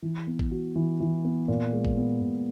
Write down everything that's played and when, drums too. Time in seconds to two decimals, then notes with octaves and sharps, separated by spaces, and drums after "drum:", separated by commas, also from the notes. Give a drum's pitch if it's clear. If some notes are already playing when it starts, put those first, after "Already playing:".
0.02 E3
0.27 B3
0.39 drum: kick A1
0.51 F#4
0.76 E3
1.00 E3
1.24 B3
1.48 A#2
1.73 G#3
1.85 drum: kick A1
1.97 B3
2.21 A#2